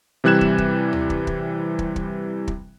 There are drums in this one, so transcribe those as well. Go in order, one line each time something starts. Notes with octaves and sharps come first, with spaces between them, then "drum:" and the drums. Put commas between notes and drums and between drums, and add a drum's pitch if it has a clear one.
C3 E3 G3 F#6 G#6 E7
drum: kick
drum: kick
drum: tom
drum: kick
drum: kick
drum: kick
drum: kick
drum: kick